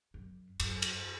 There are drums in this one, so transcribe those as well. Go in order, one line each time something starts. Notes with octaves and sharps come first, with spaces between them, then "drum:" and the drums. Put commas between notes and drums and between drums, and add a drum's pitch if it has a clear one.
F#2
F#2, drum: cymbal
drum: cymbal